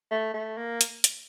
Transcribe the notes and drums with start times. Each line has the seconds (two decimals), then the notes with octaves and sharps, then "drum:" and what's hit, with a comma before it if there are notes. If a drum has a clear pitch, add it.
0.11 A3
0.34 A3
0.57 A#3
0.81 drum: hi-hat
1.04 drum: hi-hat